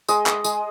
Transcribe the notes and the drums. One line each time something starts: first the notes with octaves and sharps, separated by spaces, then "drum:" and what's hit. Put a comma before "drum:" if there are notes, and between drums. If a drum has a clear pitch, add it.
G#3 D#5, drum: tambourine
drum: clap
G#3, drum: tambourine